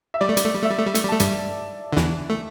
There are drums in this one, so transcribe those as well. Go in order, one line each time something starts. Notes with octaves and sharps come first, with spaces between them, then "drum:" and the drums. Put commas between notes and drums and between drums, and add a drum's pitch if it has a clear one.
E5
G3 D5
A3
G3, drum: hi-hat
A3
G3
A3 E5
G3
A3
G3
A3, drum: hi-hat
G3
A3 A5
G2 G3, drum: hi-hat
D3
E2 E3, drum: snare
A3